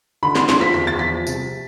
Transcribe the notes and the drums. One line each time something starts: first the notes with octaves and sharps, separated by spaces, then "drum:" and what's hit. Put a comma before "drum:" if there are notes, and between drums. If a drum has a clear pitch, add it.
D3 B5
D3 C6, drum: snare
C6, drum: snare
F3 B6
E2 B6
E2 A6
B6
F3
C2, drum: tambourine